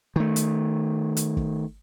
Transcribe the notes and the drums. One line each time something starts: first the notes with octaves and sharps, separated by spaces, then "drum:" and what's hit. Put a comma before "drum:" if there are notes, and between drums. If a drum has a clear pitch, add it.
D#3 A3
drum: hi-hat
drum: hi-hat
drum: kick